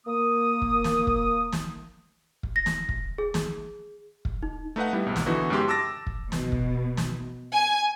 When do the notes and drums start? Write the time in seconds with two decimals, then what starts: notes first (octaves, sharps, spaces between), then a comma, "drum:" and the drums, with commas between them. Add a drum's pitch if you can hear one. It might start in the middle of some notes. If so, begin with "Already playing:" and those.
0.07 A#3 D#6
0.62 drum: kick
0.84 drum: snare
1.07 drum: kick
1.52 drum: snare
2.43 drum: kick
2.56 A#6
2.66 drum: snare
2.89 drum: kick
3.18 G#4
3.34 drum: snare
4.25 drum: kick
4.43 D#4
4.76 A3 D#4 B4 F5 F#5
4.93 G3 B3 E4
5.06 B1 G#2
5.16 drum: snare
5.26 D3 E3 B3 D#4 F#4
5.50 F#2 G#3 G4 C6
5.68 A5 D6 E6 A6 A#6
6.07 drum: kick
6.32 B2, drum: snare
6.52 drum: kick
6.97 drum: snare
7.51 G#5